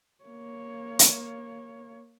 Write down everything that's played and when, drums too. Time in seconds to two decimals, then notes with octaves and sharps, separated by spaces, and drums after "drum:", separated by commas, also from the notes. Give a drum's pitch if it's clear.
0.25 A#3 C#5
0.99 drum: hi-hat